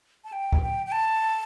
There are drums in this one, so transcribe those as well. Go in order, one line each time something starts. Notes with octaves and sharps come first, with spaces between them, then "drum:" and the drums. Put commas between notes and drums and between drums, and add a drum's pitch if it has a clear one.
A5
G5
drum: kick
G5
G5
A5